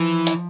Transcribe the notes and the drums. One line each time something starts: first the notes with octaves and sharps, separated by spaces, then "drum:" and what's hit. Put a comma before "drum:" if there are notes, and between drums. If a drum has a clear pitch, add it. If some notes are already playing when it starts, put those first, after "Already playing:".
Already playing: E3 F3
drum: hi-hat